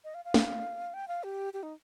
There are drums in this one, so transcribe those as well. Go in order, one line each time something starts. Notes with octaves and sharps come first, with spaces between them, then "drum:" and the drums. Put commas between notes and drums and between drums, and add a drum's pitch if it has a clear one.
D#5
F5
F5
drum: snare
G5
F5
G4
G4
D#4